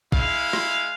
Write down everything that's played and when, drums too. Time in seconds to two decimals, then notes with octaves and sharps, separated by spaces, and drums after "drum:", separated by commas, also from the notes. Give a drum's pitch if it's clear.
0.12 G#3 E4 F5, drum: kick
0.53 drum: rim click